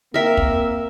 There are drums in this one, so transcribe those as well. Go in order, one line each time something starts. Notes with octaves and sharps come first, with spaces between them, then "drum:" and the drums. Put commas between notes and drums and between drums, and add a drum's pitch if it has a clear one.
A#3 C4 A#4 E5
drum: kick